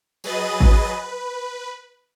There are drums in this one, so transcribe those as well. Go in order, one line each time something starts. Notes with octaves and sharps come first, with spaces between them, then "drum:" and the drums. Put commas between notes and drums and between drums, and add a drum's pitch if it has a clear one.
F#3 G#4 B4 D#5 A6 D#7, drum: tambourine
drum: kick G#1
B4